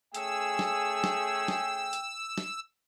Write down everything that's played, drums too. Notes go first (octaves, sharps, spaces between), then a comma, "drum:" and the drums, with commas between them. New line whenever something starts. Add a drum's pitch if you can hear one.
A3 C#4 G#4 G5 E6, drum: hi-hat
drum: snare
drum: snare
drum: snare
drum: hi-hat
drum: snare